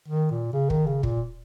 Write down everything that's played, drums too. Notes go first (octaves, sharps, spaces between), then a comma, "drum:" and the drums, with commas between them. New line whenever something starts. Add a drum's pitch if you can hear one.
D#3
A#2
C#3
D#3, drum: kick
C#3
A#2, drum: kick